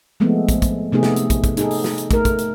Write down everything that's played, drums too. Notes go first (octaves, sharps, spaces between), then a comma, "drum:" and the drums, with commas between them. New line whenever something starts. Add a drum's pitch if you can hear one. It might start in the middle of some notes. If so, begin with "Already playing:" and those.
F3 G#3 A3 B3 C4
drum: kick, hi-hat
drum: kick, hi-hat
C3 A3 B3 D#4 G#4
drum: snare
drum: hi-hat
drum: kick, hi-hat
drum: kick, hi-hat
D#4 G#4 A4, drum: hi-hat
drum: open hi-hat
drum: snare
drum: hi-hat
A3 A#4, drum: kick, hi-hat
drum: kick, hi-hat
drum: hi-hat